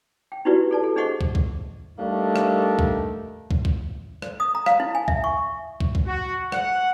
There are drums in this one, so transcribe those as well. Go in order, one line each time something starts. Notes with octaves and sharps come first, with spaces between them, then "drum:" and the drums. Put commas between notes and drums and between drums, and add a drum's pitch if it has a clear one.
G5
D#4 E4 F#4 G4 B4 D5
A4 D5 A5
A4
D4 G#4 C5 D#5 F#5 C#6
drum: kick
drum: kick
G3 A3 A#3 D4 D#4
drum: rim click
drum: kick
drum: kick
drum: kick
drum: rim click
D#6
A#5
F5, drum: rim click
E4
G#5
E5, drum: kick
C#6
drum: kick
drum: kick
F#4
F#5, drum: rim click